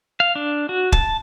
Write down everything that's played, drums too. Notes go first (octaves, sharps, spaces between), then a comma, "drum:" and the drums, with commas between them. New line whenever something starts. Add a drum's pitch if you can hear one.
F5
D4
F#4
A5, drum: kick